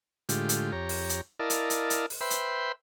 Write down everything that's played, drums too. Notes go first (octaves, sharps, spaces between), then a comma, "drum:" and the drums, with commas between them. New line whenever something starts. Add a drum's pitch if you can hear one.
A2 D3 G#3 F4 G4, drum: hi-hat
drum: hi-hat
F2 G4 C#5 A#5
drum: open hi-hat
drum: hi-hat
E4 A#4 D5 D#5 F5 A5
drum: hi-hat
drum: hi-hat
drum: hi-hat
drum: open hi-hat
B4 C5 E5 G5 B5 C6
drum: hi-hat